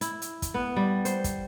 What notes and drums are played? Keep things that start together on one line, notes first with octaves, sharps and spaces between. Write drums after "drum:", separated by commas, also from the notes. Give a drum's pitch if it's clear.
E4, drum: hi-hat
drum: hi-hat
drum: kick, hi-hat
B3
G3
C5, drum: hi-hat
drum: kick, hi-hat